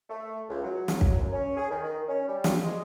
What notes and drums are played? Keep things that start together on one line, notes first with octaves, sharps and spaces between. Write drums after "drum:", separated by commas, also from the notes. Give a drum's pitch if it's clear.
A3
C#2
F#3
drum: snare
drum: kick
F#2
C#4
G#4
D#3
D#3
C#4
G3
drum: snare
G#3